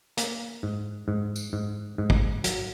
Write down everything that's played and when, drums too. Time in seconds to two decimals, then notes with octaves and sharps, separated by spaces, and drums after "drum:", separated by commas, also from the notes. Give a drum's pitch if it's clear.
0.17 A#3, drum: hi-hat
0.63 G#2
1.08 G#2
1.36 drum: tambourine
1.53 G#2
1.98 G#2
2.10 drum: kick
2.44 F#3, drum: hi-hat